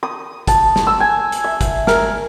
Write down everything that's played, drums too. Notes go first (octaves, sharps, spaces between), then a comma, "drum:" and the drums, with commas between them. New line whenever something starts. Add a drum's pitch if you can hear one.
D#6
A5, drum: kick G1, hi-hat
drum: snare
E6
G#5
drum: hi-hat
E5
drum: kick G1, hi-hat
A#4, drum: snare